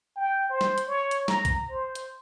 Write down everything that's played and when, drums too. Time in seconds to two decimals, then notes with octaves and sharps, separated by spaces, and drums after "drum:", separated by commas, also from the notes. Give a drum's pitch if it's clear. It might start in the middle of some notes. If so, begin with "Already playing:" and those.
0.16 G5
0.50 C5
0.61 drum: snare
0.78 drum: hi-hat
0.87 C#5
1.11 drum: hi-hat
1.28 A#5, drum: snare
1.45 drum: kick, hi-hat
1.70 C5
1.95 drum: hi-hat